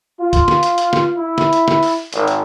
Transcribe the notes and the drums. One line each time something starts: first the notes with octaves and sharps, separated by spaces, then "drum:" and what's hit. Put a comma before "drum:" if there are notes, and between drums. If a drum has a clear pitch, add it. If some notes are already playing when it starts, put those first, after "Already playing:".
F4
drum: kick, hi-hat
drum: snare
drum: hi-hat
drum: hi-hat
drum: snare
E4
drum: snare
drum: hi-hat
drum: snare
drum: open hi-hat
G#1, drum: hi-hat
drum: hi-hat